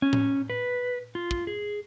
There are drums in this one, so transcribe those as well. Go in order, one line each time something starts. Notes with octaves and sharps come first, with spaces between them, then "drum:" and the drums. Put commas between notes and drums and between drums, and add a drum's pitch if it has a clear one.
C#4
drum: tom A2
B4
F4
drum: kick
G#4